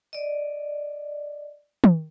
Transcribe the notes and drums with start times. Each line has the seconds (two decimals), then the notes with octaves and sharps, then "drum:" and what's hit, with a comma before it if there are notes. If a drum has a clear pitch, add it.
0.13 D5 D#5
1.84 drum: tom